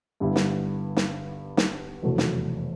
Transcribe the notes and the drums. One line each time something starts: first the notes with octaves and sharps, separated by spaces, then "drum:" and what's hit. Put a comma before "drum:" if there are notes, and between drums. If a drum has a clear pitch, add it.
G2 D3 G3 B3 E4
drum: snare
drum: snare
drum: snare
F1 E2 B2 F#3 A3
drum: snare